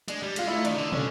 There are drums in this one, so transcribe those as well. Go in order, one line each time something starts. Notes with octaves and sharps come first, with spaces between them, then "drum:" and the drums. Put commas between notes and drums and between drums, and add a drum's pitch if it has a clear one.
G#3 D4, drum: hi-hat
G3
G#3 F4, drum: hi-hat
A3 E4
D#4
D#3 D4, drum: hi-hat
C#3
D3
D3 C#4, drum: tom